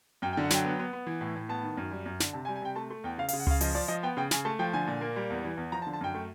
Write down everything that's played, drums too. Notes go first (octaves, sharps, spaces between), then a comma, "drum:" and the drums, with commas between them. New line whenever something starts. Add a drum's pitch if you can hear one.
F#2 G5
G5
D3
F#5
F#3 G5, drum: snare
B3
B3
B3
E3
A2
A2
B3 A5
D#3
F#2
G3
F#2
D3, drum: snare
C3 A5
G#5
G3
G#5
C3 G5
A3 A5
A3
E2 G5
C#3 F5
F5, drum: open hi-hat
C#3
F#5
C#3 F5, drum: tom C#2
F3 D#5, drum: open hi-hat
F3 D5
F3 D#5
B3 G5
C#3 G5
C#3 G#5, drum: snare
A3 A5
F3 G5
D3 G#5
A#2
A#3
G3
E2
E3
E2
F3 A#5
A5
D3
A5
F#2 G5
A3